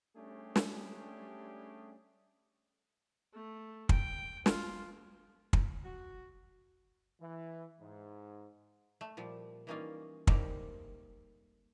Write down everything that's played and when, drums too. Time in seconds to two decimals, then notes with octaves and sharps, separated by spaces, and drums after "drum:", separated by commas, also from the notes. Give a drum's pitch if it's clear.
0.17 G3 A3 C#4 D4 G4 G#4
0.56 drum: snare
3.33 A3
3.89 G5, drum: kick
4.46 F4, drum: snare
5.53 drum: kick
5.84 F#4
7.21 E3
7.81 G#2
9.01 A3
9.17 A#2 F3 G3
9.67 E3 G3 A#3 C#4 D#4 F4
10.27 G3 A3 A#3 C4 D#4 G4, drum: kick